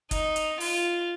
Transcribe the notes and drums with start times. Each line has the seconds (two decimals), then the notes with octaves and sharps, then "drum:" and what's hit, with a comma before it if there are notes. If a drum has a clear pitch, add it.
0.11 D#4, drum: kick F#1, hi-hat
0.36 drum: hi-hat
0.60 F4, drum: open hi-hat